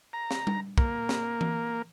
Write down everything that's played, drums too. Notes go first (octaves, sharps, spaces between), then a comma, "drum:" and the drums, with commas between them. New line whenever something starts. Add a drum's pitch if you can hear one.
A#5
drum: snare
drum: tom G3
A#3, drum: kick
drum: snare
drum: tom E3